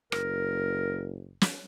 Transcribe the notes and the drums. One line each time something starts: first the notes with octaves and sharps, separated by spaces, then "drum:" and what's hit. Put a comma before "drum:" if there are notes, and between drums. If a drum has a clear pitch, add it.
F#1 A#4, drum: rim click
drum: snare